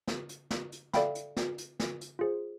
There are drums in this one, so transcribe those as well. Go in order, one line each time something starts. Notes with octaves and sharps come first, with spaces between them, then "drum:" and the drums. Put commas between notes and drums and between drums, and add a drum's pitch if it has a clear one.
drum: snare
drum: hi-hat
drum: snare
drum: hi-hat
A4 D5 E5 F5 G5 B5, drum: snare
drum: hi-hat
drum: snare
drum: hi-hat
drum: snare
drum: hi-hat
F4 G#4 C5